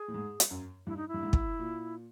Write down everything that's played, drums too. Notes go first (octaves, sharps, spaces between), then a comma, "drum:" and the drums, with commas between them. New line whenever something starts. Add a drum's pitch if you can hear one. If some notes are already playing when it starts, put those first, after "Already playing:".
Already playing: G#4
A2
G#2
drum: hi-hat
F#2
G2 E4
D#4
E4
G2
G#2
drum: kick
A#2